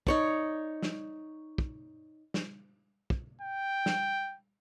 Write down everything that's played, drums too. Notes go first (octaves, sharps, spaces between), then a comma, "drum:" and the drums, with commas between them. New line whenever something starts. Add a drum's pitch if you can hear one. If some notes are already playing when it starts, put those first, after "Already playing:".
D#4 C#5 D5, drum: kick
drum: snare
drum: kick
drum: snare
drum: kick
G5
drum: snare